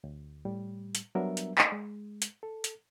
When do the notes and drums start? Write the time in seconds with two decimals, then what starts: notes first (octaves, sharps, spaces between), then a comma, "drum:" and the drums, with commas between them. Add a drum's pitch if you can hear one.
0.04 D2
0.45 A2 G3
0.95 drum: hi-hat
1.15 F#3 G3 B3 D4 A#4 E5
1.37 drum: hi-hat
1.58 drum: clap
1.72 G#3
2.22 drum: hi-hat
2.43 A4
2.64 drum: hi-hat